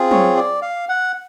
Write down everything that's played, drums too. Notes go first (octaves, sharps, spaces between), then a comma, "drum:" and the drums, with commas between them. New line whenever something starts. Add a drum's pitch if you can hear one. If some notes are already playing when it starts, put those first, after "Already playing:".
Already playing: C4 F4 G#4
C#5, drum: tom F#3
D5
F5
F#5